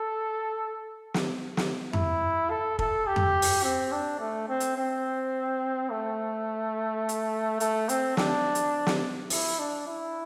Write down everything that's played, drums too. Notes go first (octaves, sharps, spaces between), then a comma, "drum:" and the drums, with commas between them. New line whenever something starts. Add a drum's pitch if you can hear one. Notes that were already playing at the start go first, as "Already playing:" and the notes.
Already playing: A4
drum: snare
drum: snare
E4, drum: tom F2
A4
A4, drum: kick
G4
drum: tom F2
drum: open hi-hat
C4
D4
A3
C4
drum: hi-hat
C4
A3
drum: hi-hat
A3, drum: hi-hat
C4, drum: hi-hat
D4, drum: snare
drum: hi-hat
drum: snare
E4, drum: open hi-hat
D4
E4